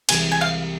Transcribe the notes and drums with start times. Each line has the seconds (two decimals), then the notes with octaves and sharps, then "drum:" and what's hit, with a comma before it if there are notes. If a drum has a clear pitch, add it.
0.09 C2 C3 E3 G#3 G#5, drum: cymbal
0.32 G#5
0.41 F5